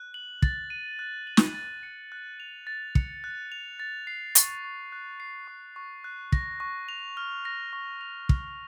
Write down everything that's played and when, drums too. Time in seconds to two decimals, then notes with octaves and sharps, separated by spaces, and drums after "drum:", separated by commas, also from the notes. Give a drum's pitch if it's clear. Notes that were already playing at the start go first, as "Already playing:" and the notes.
Already playing: F#6
0.14 F#7
0.42 A6, drum: kick
0.70 D#7
0.99 F#6
1.27 F#7
1.37 drum: snare
1.55 A6
1.83 C#7
2.12 F#6
2.40 F7
2.67 A6
2.95 C#7, drum: kick
3.24 F#6
3.52 F7
3.80 A6
4.07 C7
4.35 C#6, drum: hi-hat
4.64 C#6
4.92 F#6
5.20 C7
5.48 C#6
5.76 C#6
6.04 F#6
6.32 A#6, drum: kick
6.60 C#6
6.88 F7
7.17 F6
7.45 A#6
7.73 C#6
8.01 F7
8.29 F6, drum: kick